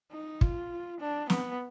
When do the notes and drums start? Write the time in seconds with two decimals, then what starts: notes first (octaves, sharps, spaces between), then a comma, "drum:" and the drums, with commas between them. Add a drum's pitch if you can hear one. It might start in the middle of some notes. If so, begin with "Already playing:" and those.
0.11 D#4
0.41 F4, drum: kick
1.00 D4
1.30 B3, drum: snare